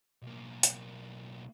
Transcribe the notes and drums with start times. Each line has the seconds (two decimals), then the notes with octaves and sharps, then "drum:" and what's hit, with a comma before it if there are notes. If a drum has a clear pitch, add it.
0.22 B1 A#3
0.63 drum: hi-hat